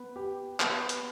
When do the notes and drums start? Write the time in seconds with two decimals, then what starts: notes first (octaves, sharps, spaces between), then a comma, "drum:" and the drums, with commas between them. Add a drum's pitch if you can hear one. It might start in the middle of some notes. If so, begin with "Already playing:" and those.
Already playing: B3
0.16 G4
0.60 B3, drum: clap
0.89 drum: hi-hat